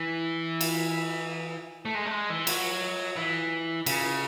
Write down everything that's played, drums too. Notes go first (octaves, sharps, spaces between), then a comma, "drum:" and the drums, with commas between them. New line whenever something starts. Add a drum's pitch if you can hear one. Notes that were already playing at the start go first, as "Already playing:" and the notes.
Already playing: E3
drum: cymbal
A3
G#3
A3
G#3
E3
F#3, drum: cymbal
E3
C#3, drum: cymbal